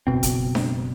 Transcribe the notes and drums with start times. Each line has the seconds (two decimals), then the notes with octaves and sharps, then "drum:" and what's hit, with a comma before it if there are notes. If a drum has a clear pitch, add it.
0.07 F#1 C#2 B2 C4
0.23 drum: kick F1, hi-hat
0.55 drum: snare D4